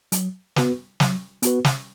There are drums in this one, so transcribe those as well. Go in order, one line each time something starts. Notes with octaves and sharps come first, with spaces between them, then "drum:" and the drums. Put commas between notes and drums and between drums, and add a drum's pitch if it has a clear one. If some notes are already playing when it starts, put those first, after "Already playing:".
F#3, drum: hi-hat
B3 F#4 B4, drum: snare
F#3, drum: snare
B3 F#4 B4, drum: hi-hat
drum: snare